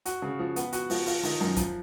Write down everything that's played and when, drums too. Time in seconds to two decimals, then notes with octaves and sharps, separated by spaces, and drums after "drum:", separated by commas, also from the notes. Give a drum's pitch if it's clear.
0.06 F#4, drum: hi-hat
0.22 C#3
0.39 F3
0.56 B3, drum: hi-hat
0.73 F#4, drum: hi-hat
0.90 F3, drum: open hi-hat
1.06 F4, drum: open hi-hat
1.23 D#3, drum: open hi-hat
1.41 F#2
1.56 F3, drum: kick, hi-hat